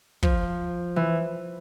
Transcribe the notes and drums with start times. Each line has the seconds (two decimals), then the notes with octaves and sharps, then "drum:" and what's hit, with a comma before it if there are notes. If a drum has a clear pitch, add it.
0.23 F3, drum: kick
0.96 E3